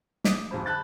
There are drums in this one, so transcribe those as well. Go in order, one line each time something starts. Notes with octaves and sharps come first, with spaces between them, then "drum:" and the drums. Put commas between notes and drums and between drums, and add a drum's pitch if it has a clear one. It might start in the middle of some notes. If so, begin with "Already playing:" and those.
D6 D#6, drum: snare
D1 F2 G#2 F#3 C5 B5
A5 B5 F#6 G6 A6